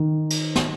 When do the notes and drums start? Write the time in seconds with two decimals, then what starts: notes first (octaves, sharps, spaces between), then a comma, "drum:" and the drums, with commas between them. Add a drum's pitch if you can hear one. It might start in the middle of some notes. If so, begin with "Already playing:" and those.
Already playing: D#3
0.30 drum: cymbal
0.55 drum: snare